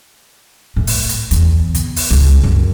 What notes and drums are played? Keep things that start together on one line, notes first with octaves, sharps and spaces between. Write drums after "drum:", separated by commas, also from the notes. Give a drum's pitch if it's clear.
A2
drum: open hi-hat
drum: hi-hat
E2, drum: hi-hat
drum: kick, hi-hat
drum: open hi-hat
C#2
F#2